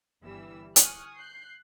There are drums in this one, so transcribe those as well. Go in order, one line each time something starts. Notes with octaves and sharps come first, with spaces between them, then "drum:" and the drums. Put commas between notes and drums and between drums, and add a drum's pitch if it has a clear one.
G1 E3 G3 E4 E6
G#5 C#6 D#6 F6 F#6, drum: hi-hat
F#6 G6 C7